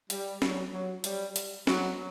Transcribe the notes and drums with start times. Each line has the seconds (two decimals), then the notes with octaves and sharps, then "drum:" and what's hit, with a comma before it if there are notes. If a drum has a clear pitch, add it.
0.10 G3, drum: hi-hat
0.42 F#3, drum: snare
0.73 F#3
1.04 G3, drum: hi-hat
1.36 drum: hi-hat
1.67 F#3, drum: snare